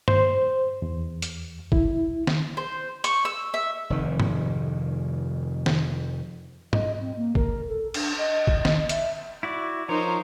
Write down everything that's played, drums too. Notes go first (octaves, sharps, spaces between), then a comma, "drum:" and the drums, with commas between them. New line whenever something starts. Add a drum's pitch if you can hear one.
C5, drum: tom G2
E2
drum: hi-hat
E4, drum: kick
drum: snare D#3
C5
C#6, drum: hi-hat
E6
E5
F1 D#3
drum: tom G#2
drum: snare D#3
D#5, drum: tom G#2
C4
A#3
A#4, drum: kick
A4
D4, drum: cymbal
D#5
drum: kick
D#5, drum: snare D#3
E5, drum: hi-hat
E4 F#4 D5
F3 D#4 A#4 C5 C#5